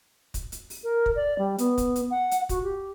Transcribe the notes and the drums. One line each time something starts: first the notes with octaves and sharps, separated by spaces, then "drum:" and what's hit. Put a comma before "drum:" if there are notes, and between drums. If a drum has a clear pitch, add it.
drum: kick, hi-hat
drum: hi-hat
drum: open hi-hat
A#4
drum: kick
D5
G3
B3, drum: hi-hat
drum: kick, hi-hat
drum: hi-hat
F#5
drum: hi-hat
F#4, drum: kick, hi-hat
G4